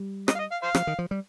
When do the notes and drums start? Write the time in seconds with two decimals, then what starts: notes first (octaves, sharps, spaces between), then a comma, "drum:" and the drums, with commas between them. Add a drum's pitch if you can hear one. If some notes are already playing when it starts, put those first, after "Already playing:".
Already playing: G3
0.28 D#5, drum: rim click
0.35 F5
0.39 D#5
0.52 F5
0.63 C5 F5
0.75 F3, drum: rim click
0.87 D#3
0.99 F3
1.11 G3